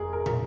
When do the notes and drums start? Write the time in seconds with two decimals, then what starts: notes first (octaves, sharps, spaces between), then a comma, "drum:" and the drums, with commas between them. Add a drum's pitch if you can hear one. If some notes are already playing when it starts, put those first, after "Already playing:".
Already playing: F1 G#4 A#4
0.13 A#4
0.26 drum: tom